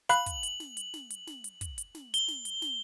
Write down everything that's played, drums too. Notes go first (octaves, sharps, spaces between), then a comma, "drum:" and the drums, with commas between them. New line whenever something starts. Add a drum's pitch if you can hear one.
F5 B5 F#6 F#7, drum: hi-hat
drum: kick, hi-hat
drum: hi-hat
drum: snare
drum: hi-hat
drum: snare
drum: hi-hat
drum: snare
drum: hi-hat
drum: kick, hi-hat
drum: hi-hat
drum: snare
G7, drum: hi-hat
drum: snare
drum: hi-hat
drum: snare